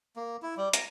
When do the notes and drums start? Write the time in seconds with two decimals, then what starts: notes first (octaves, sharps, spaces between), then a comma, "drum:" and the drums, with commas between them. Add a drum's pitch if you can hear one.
0.16 A#3
0.42 E4
0.57 G3
0.73 A#5, drum: hi-hat